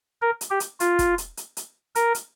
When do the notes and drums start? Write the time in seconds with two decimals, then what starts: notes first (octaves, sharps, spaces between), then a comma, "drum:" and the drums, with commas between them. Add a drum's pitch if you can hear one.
0.22 A#4
0.41 drum: hi-hat
0.50 G4
0.60 drum: hi-hat
0.80 F4, drum: hi-hat
0.99 drum: kick, hi-hat
1.18 drum: hi-hat
1.37 drum: hi-hat
1.57 drum: hi-hat
1.95 A#4, drum: hi-hat
2.15 drum: hi-hat